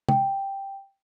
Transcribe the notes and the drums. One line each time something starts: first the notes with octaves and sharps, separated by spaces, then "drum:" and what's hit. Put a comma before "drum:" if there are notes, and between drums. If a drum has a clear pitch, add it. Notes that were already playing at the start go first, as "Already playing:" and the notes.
G5, drum: tom